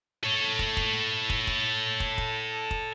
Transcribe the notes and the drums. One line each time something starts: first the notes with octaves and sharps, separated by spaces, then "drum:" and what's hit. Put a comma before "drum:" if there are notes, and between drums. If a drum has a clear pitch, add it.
A4 C#5
drum: kick
drum: kick
drum: kick
drum: kick
drum: kick
drum: kick
drum: kick